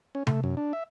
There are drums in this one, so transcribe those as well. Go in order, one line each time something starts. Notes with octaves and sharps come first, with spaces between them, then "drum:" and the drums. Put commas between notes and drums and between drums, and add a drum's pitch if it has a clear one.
C#4
A3, drum: tom C3
F#2
D4
E5